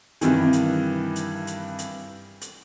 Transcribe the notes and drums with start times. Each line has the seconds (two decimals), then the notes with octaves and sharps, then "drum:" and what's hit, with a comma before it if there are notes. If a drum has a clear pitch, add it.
0.21 G2 C3 D#3 E3, drum: hi-hat
0.53 drum: hi-hat
1.16 drum: hi-hat
1.47 drum: hi-hat
1.79 drum: hi-hat
2.41 drum: hi-hat